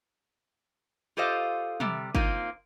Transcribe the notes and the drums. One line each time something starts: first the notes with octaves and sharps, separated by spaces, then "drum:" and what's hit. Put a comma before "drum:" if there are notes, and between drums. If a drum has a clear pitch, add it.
F4 G4 A4 C5 D#5 F5
C3 G3, drum: tom
A#3 C4 D#4 F4, drum: kick